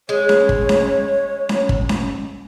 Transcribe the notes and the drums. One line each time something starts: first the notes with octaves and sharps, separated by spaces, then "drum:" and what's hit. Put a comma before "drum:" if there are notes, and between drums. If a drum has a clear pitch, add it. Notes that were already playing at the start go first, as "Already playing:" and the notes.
G#3 C#5
drum: snare C#4
drum: kick
drum: snare C#4
drum: snare C#4
drum: kick
drum: snare C#4